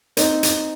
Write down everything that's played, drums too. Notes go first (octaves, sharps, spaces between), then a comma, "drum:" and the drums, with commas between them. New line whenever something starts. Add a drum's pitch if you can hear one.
C4 D#4, drum: hi-hat
drum: hi-hat